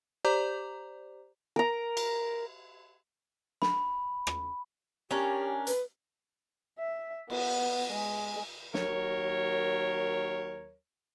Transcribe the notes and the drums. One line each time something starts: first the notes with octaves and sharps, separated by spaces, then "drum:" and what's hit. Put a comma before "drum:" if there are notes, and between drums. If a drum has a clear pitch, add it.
G4 C5 D5 A#5 D6 G6
A#4 A#5
drum: cymbal
B5, drum: snare
drum: rim click
C#4 D4 G4 A#4
B4, drum: hi-hat
E5
B3, drum: cymbal
G#3
D#2 F#3 A#4 C#5, drum: snare